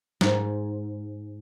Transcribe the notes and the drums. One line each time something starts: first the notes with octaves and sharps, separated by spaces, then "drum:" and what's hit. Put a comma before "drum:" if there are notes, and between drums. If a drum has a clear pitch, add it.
G#2, drum: snare